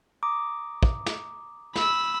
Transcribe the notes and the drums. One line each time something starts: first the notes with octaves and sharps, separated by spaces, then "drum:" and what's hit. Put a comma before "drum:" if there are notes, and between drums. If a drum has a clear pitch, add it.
A#5 D6 D#6
drum: kick
drum: snare
B5 E6, drum: snare